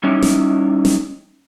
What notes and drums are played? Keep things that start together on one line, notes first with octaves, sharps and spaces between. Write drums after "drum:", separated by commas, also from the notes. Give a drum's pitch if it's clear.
G3 C#4 D#4 E4 C#5 D#5
drum: snare
drum: snare